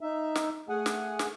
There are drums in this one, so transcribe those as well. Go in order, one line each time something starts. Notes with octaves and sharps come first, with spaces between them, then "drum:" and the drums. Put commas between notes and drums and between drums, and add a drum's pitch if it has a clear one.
D#4 E5
drum: snare
A3 G#4 F#5 G#5
drum: snare
drum: snare